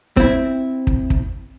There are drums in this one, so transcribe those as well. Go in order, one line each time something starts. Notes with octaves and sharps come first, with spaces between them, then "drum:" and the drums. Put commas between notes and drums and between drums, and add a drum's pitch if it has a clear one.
C4 E4, drum: kick
drum: kick
drum: kick